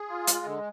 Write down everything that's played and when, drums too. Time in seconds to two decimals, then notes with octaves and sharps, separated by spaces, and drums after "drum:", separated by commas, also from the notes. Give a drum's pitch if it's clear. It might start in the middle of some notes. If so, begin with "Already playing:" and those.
Already playing: G#4
0.09 F4
0.27 G#3, drum: hi-hat
0.46 D3